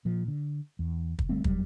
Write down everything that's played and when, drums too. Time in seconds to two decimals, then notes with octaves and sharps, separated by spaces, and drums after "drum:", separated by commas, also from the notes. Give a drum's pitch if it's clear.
0.05 A#2 F3
0.28 D3
0.79 E2
1.19 drum: kick
1.29 D2 G3 A3 C4
1.44 E2 F#3 G3, drum: kick